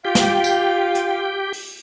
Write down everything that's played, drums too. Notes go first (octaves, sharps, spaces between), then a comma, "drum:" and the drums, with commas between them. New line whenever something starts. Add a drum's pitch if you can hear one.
F4 G4 G5
drum: snare
drum: tambourine
drum: hi-hat
drum: open hi-hat